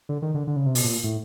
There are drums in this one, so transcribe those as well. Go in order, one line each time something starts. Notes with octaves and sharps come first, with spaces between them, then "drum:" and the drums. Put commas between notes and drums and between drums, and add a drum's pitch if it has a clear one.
D3
D#3
D3
D3
C#3
C3
B2, drum: open hi-hat
A#2
A2